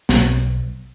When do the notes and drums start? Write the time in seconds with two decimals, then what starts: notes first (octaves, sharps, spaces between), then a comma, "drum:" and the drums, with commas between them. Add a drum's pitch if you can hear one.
0.09 B1 F#3, drum: snare